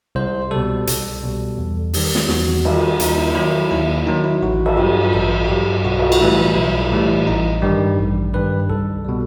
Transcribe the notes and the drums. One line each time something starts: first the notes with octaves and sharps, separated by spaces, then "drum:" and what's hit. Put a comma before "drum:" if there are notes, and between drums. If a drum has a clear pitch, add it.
C2 C5
B2 G3 A4
C2, drum: hi-hat
B2 G3
E2
D#3 G3, drum: open hi-hat
drum: snare
E2 F#4, drum: snare
D#3 G3, drum: cymbal
D#2 D#4, drum: hi-hat
E4
D#3 F#3 E4
D#2 E4
D#3 F#3 D#4
E4
A1 F#4
A4, drum: cymbal
G2 F#3 G4
A1 A4
F#4
G2 F#3 G4
B1 F#4
drum: cymbal
F#4, drum: cymbal
A2 E3 G3 E4
B1 E4
A2 E3 G3
A1 D#4
G2 D#3 G3
A1
G2 D#3 G3 B4
C2 A4
B2 G3